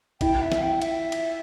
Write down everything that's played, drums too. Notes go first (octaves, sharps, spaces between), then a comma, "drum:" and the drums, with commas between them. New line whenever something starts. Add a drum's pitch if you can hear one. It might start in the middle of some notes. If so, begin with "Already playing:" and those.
E4 G5, drum: kick, cymbal
E5
drum: snare
G5
E5, drum: cymbal
drum: cymbal